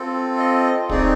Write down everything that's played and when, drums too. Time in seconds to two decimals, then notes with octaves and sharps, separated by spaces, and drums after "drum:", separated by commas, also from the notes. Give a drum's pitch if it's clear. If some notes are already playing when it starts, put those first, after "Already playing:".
Already playing: C4 F4 A4
0.38 D#5
0.89 A3 C4 D#4 G#4 D5, drum: kick